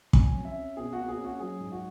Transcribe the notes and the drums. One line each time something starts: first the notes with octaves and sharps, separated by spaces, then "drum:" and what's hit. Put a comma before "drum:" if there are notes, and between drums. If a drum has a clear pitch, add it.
F#3 G#5, drum: kick
C#4
E5
C#4
B2 G#4
A#3 F#4
G#4
C#4
F#4
F#3 G#4
G#2
F#4